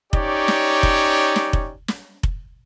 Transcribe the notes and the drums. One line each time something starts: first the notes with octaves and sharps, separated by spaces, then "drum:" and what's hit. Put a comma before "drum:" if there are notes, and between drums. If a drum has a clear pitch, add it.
C#4 D#4 G4 C#5 D5, drum: kick F1
drum: snare
drum: kick F1
drum: snare
drum: kick F1
drum: snare
drum: kick F1